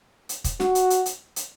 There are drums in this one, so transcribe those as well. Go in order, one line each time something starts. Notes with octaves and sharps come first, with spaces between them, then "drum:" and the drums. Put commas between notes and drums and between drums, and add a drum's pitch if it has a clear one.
drum: hi-hat
drum: kick, hi-hat
F#4, drum: snare
drum: hi-hat
drum: hi-hat
drum: hi-hat
drum: hi-hat